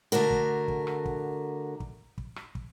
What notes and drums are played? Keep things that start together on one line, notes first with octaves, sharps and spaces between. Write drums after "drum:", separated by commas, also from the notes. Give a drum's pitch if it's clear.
D3 A3 F#4 A#4
drum: kick
drum: kick
drum: rim click
drum: kick
drum: kick
drum: kick
drum: rim click
drum: kick